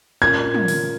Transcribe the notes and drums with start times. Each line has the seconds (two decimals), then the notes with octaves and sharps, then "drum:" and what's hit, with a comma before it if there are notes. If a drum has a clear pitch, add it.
0.21 A#2 A#3 C#4 G#6
0.54 drum: tom
0.68 drum: open hi-hat